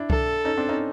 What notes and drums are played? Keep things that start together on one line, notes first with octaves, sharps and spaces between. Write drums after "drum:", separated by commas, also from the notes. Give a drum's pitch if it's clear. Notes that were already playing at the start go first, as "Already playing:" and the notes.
Already playing: D4 E4
A4, drum: kick C2
C#4 D#4
C4 D4
C#4 D#4